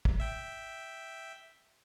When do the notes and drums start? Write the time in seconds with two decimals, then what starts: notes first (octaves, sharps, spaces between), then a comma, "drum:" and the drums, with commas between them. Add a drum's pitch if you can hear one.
0.05 drum: kick
0.20 E5 G5